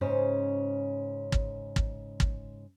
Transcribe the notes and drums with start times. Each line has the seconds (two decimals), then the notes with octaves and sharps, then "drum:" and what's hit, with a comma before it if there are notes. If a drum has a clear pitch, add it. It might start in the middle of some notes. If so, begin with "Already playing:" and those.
0.01 G#2 C#3 C#4 C5 C#5
1.32 drum: kick
1.76 drum: kick
2.20 drum: kick